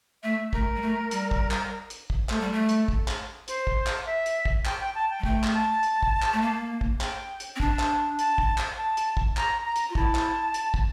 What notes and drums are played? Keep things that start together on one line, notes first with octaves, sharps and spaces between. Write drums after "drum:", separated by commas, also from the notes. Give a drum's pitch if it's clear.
A3 E5
A3 A#4, drum: kick
G3
A3
G3, drum: hi-hat
drum: kick
drum: clap
drum: hi-hat
drum: kick
A3 A4, drum: clap
G3
A3
drum: hi-hat
drum: kick
drum: clap
C5, drum: hi-hat
drum: kick
drum: clap
E5
drum: hi-hat
drum: kick
G5, drum: clap
G5
A5
G5
G3
A3 G5, drum: kick
drum: clap
A5
drum: hi-hat
drum: kick
drum: clap
A3
A#3
drum: kick
G5, drum: clap
drum: hi-hat
C4
D4 A5, drum: kick
drum: clap
A5, drum: hi-hat
drum: kick
drum: clap
A5
drum: hi-hat
drum: kick
A#5, drum: clap
A#5
drum: hi-hat
F4
E4 A5, drum: kick
drum: clap
drum: hi-hat
drum: kick